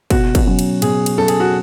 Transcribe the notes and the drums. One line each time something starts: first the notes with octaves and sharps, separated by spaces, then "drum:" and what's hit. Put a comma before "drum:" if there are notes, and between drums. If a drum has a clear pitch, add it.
B2 F#4, drum: kick, cymbal
drum: kick, cymbal
F#3 C#4
drum: cymbal
B2 G#4, drum: cymbal
drum: cymbal
F#3 C#4 A4
G#4, drum: cymbal
F#4